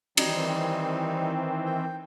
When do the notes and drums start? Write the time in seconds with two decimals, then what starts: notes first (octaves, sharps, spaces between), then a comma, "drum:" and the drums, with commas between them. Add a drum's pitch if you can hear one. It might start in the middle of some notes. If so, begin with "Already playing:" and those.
0.17 D#3 E3 G3 C4 D#4, drum: cymbal
1.66 G5